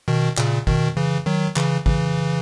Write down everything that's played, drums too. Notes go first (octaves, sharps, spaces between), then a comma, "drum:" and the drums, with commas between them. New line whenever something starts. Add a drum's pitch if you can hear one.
B2 D#3
A#2 C#3, drum: clap
B2 D#3, drum: kick
C#3 E3
D#3 F#3
C#3 E3, drum: clap
C#3 E3, drum: kick